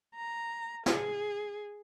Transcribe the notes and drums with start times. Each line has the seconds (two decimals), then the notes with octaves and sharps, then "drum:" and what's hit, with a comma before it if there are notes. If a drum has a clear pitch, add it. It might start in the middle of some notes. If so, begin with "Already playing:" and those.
0.16 A#5
0.86 G#4, drum: snare